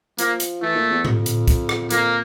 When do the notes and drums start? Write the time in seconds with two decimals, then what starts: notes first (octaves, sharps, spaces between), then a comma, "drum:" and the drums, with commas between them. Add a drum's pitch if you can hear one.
0.18 F3 A#3, drum: hi-hat
0.40 drum: hi-hat
0.62 E3 A3
0.76 A#2
0.90 E2
1.05 F2, drum: tom G#2
1.26 drum: hi-hat
1.48 drum: kick, hi-hat
1.69 drum: rim click
1.90 F2 A#3, drum: hi-hat